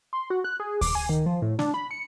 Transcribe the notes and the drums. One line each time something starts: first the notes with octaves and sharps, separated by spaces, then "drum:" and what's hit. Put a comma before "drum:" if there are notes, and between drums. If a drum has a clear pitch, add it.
C6
F#4
F#6
G#4
D6, drum: kick D2, open hi-hat
G#5
D#3
F3
A2
D4, drum: snare
B5
C#7